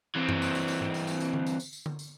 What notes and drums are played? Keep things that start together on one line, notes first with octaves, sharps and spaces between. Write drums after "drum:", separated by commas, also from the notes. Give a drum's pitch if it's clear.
E3 C4
drum: tom F#2
drum: tambourine
drum: tambourine
drum: tambourine
drum: tom G#2
drum: tambourine
drum: tambourine
drum: tambourine
drum: tom D3
drum: tambourine
drum: tambourine
drum: tambourine
drum: tom D3
drum: tambourine